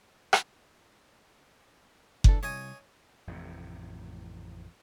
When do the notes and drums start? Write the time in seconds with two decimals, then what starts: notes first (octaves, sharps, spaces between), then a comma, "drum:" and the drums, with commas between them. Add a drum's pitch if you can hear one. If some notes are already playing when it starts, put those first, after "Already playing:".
0.33 drum: rim click
2.24 E3 D4 A4, drum: kick F#1
2.43 C2 C#5 D#5 G#5
3.27 A1 F2 A2 C3